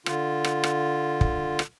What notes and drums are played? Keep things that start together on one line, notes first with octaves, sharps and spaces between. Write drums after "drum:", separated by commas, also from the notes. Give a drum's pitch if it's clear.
D3 F4, drum: rim click
drum: rim click
drum: rim click
drum: kick
drum: rim click